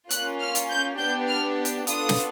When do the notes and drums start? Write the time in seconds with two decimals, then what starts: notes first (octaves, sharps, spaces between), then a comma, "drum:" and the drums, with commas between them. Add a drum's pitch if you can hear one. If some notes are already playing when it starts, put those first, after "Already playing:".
0.10 A#3 C#4 F4 F#6, drum: hi-hat
0.40 F6
0.55 drum: hi-hat
0.70 G6
0.98 B3 D4 G4 G6
1.29 F6
1.65 drum: hi-hat
1.87 B3 D4 F4 A4 D#6, drum: hi-hat
2.09 drum: snare